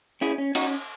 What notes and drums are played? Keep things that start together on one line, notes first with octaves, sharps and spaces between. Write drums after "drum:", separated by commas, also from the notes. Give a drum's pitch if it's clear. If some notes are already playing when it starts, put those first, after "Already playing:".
C#4 E4 G#4
C#4
C#4 D#4 F#4, drum: cymbal